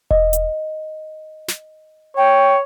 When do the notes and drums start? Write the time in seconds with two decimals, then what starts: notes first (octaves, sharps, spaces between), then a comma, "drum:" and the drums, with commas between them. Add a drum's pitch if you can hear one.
0.11 D#5, drum: kick E1
0.33 drum: hi-hat
1.48 drum: snare
2.17 C#5 G5